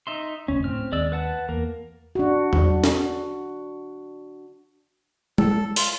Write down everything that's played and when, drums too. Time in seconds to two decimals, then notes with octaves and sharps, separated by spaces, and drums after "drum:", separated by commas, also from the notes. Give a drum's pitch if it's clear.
0.07 D#4 E5 C6
0.48 F1 D2 C#4
0.64 A2 C4 F6
0.92 D#2 G#3 D5 E6
1.12 B4 F#5 A5
1.48 E2 A#3 A#4
2.15 D4 F#4
2.53 drum: tom E2
2.84 drum: snare
5.38 A4, drum: tom G#3
5.76 F4, drum: open hi-hat